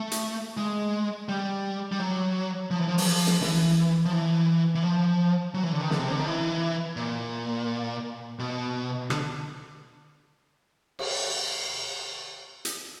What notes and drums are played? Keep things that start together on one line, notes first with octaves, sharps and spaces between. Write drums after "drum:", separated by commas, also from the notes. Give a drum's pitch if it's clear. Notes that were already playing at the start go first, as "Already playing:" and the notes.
Already playing: A3
drum: hi-hat
G#3
G3
G3
F#3
F3
E3
F3
F#3, drum: open hi-hat
F3
drum: snare
E3, drum: snare
F3
E3
E3
F3
F#3
E3
D3
D#3
D3, drum: snare
C3
D3
D#3
E3
A#2
B2
D3, drum: rim click
drum: cymbal
drum: hi-hat